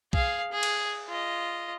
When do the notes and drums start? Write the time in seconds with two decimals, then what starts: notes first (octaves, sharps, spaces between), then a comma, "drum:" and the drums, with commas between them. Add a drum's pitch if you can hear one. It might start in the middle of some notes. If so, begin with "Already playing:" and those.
0.13 G#4 F5, drum: kick B1
0.51 G#4
0.63 drum: cymbal
1.08 F4 D#5